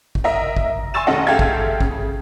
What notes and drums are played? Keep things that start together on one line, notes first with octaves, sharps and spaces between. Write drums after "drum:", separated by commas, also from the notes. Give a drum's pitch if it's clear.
drum: kick
A#4 D#5 E5
drum: kick
G#5 C6 C#6 E6 A6 E7
F1 D#3 C#4 A4 D#5 F#5
G#2 G4 A4 E5 F5 G#6
drum: kick
C#3, drum: kick